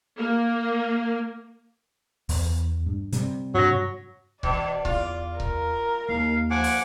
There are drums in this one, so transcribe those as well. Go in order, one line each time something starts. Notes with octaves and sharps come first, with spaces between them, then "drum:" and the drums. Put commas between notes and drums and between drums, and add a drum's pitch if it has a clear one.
A#3
E2, drum: open hi-hat
G2
C3 G3, drum: hi-hat
G2 F#3 A#6
B2 E3 C#4 D5, drum: kick C#1
E2 F4, drum: kick C#1
A#4, drum: kick C#1
D#2 F5
F3 F#5 G#5 D6
drum: open hi-hat